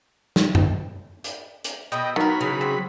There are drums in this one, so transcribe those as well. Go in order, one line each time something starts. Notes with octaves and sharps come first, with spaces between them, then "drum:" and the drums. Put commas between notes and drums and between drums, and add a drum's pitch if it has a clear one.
drum: snare
drum: tom F#2
drum: hi-hat
drum: hi-hat
B2 B4 D#5 E5 G5
D#3 F#3 B3 A#4 B5
C#3 E3 C#4
C4